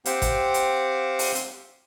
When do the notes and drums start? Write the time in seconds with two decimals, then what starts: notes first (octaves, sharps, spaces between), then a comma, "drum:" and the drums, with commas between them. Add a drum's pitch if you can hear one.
0.05 C4 G4 C5 F5 F#5, drum: hi-hat
0.22 drum: kick G1, hi-hat
0.54 drum: hi-hat
1.19 drum: open hi-hat
1.35 drum: hi-hat